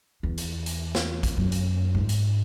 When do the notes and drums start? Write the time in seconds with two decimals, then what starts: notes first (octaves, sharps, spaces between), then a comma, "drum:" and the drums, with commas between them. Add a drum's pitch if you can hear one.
0.23 E2
0.38 drum: hi-hat
0.66 drum: hi-hat
0.95 drum: snare
1.23 drum: kick A1, hi-hat
1.37 F#2
1.52 drum: hi-hat
1.95 G#2
2.09 drum: hi-hat